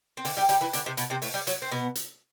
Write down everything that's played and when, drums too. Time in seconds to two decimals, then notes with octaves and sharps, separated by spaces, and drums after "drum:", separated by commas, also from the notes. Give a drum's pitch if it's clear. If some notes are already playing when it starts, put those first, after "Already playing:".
0.17 C4
0.25 D3 D4, drum: open hi-hat
0.37 G3 G4
0.49 G3 G4, drum: hi-hat
0.61 E3 E4
0.73 D3 D4, drum: hi-hat
0.86 C3 C4
0.97 B2 B3, drum: hi-hat
1.10 C3 C4
1.22 A2 A3, drum: open hi-hat
1.34 G3
1.47 F#3, drum: hi-hat
1.62 C4
1.72 B2 B3
1.95 drum: hi-hat